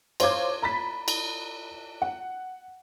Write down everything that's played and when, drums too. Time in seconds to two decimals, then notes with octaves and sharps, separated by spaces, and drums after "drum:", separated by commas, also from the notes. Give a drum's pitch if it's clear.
0.20 C5 C#5 F5 D6 G#6, drum: cymbal
0.62 A#5 B5 A6 B6
1.08 drum: cymbal
2.02 F#5